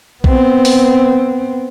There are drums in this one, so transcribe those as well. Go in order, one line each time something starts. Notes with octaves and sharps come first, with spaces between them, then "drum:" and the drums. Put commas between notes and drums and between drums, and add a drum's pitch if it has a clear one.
B3 C4, drum: kick A#1
drum: open hi-hat